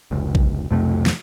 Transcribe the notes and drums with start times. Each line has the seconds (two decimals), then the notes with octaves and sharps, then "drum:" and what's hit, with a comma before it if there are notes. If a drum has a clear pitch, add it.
0.11 F1 C#2
0.35 drum: kick A#1
0.71 B1 F2 C3 A3
1.06 drum: snare